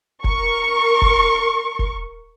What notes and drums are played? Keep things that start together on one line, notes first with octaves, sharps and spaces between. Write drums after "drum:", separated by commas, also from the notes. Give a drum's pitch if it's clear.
A#4 C#6, drum: kick F1
drum: kick F1
drum: kick F1